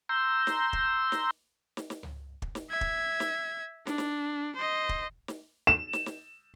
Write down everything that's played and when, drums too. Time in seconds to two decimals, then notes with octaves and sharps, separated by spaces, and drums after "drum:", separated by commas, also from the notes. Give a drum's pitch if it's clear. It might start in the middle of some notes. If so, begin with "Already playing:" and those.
0.09 A#5 C6 E6 G6
0.47 drum: snare
0.73 drum: kick
1.12 drum: snare
1.77 drum: snare
1.90 drum: snare
2.03 drum: tom C#2
2.42 drum: kick
2.55 drum: snare
2.70 E5 G#6
2.81 drum: kick
3.20 drum: snare
3.87 D4, drum: snare
3.98 drum: snare
4.56 C5 D#5
4.89 drum: kick
5.28 drum: snare
5.67 E7
5.93 drum: snare
6.06 drum: snare